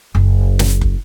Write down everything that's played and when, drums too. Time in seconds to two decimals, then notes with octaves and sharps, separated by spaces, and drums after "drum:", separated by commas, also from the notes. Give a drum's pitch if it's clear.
0.15 F#1
0.59 drum: snare
0.81 drum: kick